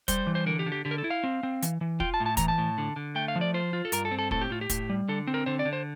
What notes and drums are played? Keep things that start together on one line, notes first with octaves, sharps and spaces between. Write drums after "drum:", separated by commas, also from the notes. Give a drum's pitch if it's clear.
G3 C5, drum: kick, hi-hat
E3
C5
D3 A#4
G4
D3
G4
D3 G4
A#4
A4
E4
F5
C4
C4
E3, drum: hi-hat
E3
F4 G5, drum: kick
A5
A2
A5
E3 A#5, drum: kick, hi-hat
A5
A2
D3
D3
A3 G5
F5
F3
D5
F4 C5
F4
A4
G2 A#4, drum: hi-hat
A4
C4
A4
A2 A4, drum: kick
G4
A2 F4
G4
A2, drum: kick, hi-hat
G3
D3 A4
C4
A#4
D3 C5
D5
D3
C5